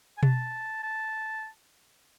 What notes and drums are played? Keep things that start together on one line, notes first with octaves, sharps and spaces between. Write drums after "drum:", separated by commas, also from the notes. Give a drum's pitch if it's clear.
G#5
A5, drum: tom B2
A5